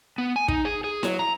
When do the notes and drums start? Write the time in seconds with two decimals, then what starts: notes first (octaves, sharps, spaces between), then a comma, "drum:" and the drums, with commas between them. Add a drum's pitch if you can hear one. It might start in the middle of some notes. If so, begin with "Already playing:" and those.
0.18 B3
0.36 G#5
0.48 D#4, drum: kick
0.65 G#4
0.84 G#4
1.03 F#3, drum: snare E4
1.19 A#5